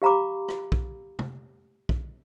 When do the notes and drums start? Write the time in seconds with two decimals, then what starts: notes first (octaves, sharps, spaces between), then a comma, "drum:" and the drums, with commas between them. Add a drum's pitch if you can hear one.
0.02 G4 F5 A#5 B5 D6
0.48 drum: rim click
0.72 drum: kick
1.19 drum: tom
1.89 drum: kick